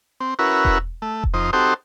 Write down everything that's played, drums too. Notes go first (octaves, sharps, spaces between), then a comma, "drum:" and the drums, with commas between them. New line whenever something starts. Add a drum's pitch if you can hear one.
C4
C#4 E4 F#4 A#4 B4
drum: kick E1
A3
drum: kick E1
F2 D#4 C5
C4 D#4 F#4 G4 A4 C5